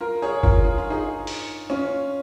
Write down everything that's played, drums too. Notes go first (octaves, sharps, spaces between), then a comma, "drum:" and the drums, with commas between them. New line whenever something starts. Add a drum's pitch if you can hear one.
F4 A#4
G#4 C#5
F4 A#4, drum: kick G1
G#4
F4
D#4 G#4
drum: open hi-hat
C#4 F4